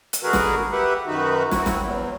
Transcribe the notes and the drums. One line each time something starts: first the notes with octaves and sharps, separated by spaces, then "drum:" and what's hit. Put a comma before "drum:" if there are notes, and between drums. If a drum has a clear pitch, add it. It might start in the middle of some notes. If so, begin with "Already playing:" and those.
drum: hi-hat
D3 G#3 F#4 G#4 A#4 B4
drum: snare
G4 B4 E5 F#5
F#2 D#3 D#4 F#4 B4
C4 E4 F#4, drum: snare
drum: snare
E2 F#3